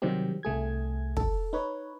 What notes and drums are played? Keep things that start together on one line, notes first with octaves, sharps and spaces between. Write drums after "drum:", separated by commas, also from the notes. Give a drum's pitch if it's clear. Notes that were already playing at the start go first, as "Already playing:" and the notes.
C3 D#3 F#3 G3 C4 G4
C2 A3 G#4 G#6
A4, drum: kick
D#4 B4 C#5